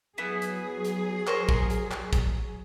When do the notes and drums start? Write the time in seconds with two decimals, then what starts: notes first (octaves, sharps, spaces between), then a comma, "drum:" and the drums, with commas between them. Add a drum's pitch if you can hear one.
0.18 F#3 B3 E4 G#4
0.42 drum: hi-hat
0.85 drum: hi-hat
1.27 A#4 C5 C#5, drum: clap
1.49 drum: kick
1.70 drum: hi-hat
1.91 drum: clap
2.13 drum: kick, hi-hat